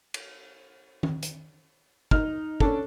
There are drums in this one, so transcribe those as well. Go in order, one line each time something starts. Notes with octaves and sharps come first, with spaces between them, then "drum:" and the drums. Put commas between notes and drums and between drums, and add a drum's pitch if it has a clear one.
drum: cymbal
drum: tom
drum: hi-hat
D#4 F6, drum: kick
C#4 D4 A4, drum: kick